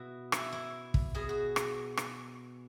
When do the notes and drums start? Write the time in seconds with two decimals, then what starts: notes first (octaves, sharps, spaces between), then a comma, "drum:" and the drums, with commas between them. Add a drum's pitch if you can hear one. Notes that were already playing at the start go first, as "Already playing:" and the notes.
Already playing: B2 E4 F#4
0.32 E4, drum: rim click
0.53 E4
0.94 drum: kick
1.15 B2 G#4
1.29 F#4
1.56 drum: rim click
1.97 drum: rim click